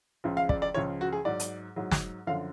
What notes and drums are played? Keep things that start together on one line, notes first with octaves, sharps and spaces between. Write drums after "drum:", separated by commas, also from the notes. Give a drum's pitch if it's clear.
C#2 C#3 F3
F5
D5, drum: kick
D5
C#2 C#3 F3 C#5
F#4
G#4
G#2 F#3 D5
drum: hi-hat
G#2 F#3
drum: snare
F#2 D3 F3 F5